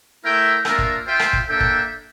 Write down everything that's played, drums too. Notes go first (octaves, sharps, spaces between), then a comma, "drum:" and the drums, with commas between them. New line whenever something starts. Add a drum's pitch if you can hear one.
A3 E4 A#4 E5 G5
A#3 D4 F4 A#4 E5, drum: rim click
drum: kick
F4 C5 E5 G5
drum: rim click
drum: kick
A#3 D4 A4 E5 G5
drum: kick